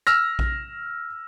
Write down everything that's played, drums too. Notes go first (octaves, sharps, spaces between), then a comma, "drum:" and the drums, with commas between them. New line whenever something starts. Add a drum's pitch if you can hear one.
E6 F6 A#6
drum: kick A#1